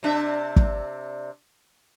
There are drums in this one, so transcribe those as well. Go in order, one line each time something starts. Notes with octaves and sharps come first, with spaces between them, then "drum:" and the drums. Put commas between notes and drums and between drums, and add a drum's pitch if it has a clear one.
C3 D4 E5
drum: kick